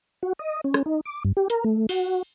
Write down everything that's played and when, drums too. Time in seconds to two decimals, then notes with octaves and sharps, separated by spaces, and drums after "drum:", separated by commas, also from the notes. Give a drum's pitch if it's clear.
0.23 F#4
0.39 D#5
0.64 C#4
0.74 drum: rim click
0.86 D#4
1.05 D6
1.25 G2
1.37 G4
1.50 A#4, drum: hi-hat
1.64 A3
1.89 F#4, drum: open hi-hat